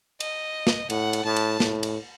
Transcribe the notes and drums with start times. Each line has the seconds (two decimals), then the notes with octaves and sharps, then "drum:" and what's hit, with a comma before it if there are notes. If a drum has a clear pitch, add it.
0.20 D#5, drum: cymbal
0.67 drum: snare
0.90 A2 F#5, drum: cymbal
1.13 drum: cymbal
1.25 A2 A5
1.36 drum: cymbal
1.60 A2, drum: snare
1.83 drum: cymbal